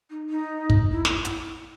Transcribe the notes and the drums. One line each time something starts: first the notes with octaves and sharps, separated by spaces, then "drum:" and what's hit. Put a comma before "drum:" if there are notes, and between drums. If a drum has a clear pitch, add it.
D#4
D#4
drum: kick
E4
E4, drum: snare
drum: hi-hat